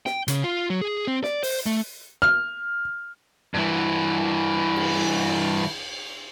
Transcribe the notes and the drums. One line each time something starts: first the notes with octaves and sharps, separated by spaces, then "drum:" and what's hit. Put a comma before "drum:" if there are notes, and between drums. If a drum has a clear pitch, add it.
G5, drum: snare
C#3, drum: hi-hat
F4
F#3
G#4
C4
D5, drum: snare
C5, drum: open hi-hat
A3
F6
G2 E3
drum: cymbal